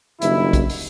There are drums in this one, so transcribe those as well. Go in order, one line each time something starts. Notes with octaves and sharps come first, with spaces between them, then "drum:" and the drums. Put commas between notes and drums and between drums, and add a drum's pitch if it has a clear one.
F#1 G2 D#3 E4, drum: hi-hat
drum: kick, hi-hat
drum: open hi-hat